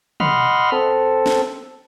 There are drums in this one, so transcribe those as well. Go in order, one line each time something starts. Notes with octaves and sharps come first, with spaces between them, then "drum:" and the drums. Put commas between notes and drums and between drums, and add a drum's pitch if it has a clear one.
D#5 F#5 B5 C6 F6, drum: tom
C4 A4
drum: snare